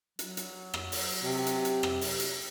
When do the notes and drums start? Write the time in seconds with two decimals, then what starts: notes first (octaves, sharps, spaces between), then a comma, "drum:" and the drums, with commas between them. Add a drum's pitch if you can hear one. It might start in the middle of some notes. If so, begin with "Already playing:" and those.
0.19 F#3, drum: hi-hat
0.37 drum: hi-hat
0.74 drum: rim click
0.92 drum: open hi-hat
1.24 C3
1.47 drum: hi-hat
1.65 drum: hi-hat
1.83 drum: rim click
2.01 drum: open hi-hat
2.20 drum: hi-hat